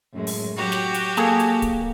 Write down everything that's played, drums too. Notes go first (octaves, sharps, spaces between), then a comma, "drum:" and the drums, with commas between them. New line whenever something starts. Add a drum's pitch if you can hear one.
F#2 A2 G#3
drum: open hi-hat
F#3 F#4 G4
drum: snare
drum: hi-hat
A#3 G#4 A4 G#5, drum: snare
drum: hi-hat
drum: kick D1, hi-hat